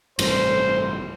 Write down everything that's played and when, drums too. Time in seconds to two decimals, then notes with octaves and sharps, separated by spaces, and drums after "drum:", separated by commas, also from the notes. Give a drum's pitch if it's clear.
0.19 A1 G2 C3 C5, drum: cymbal